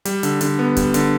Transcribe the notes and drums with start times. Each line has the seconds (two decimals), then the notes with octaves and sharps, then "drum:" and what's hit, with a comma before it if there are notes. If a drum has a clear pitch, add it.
0.05 G3, drum: hi-hat
0.23 D3, drum: hi-hat
0.41 D3, drum: hi-hat
0.59 B3
0.77 G3, drum: kick, hi-hat
0.94 D3, drum: hi-hat